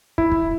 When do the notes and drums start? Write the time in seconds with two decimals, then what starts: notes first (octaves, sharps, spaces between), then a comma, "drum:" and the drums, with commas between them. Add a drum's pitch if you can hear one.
0.18 E4, drum: kick
0.32 drum: kick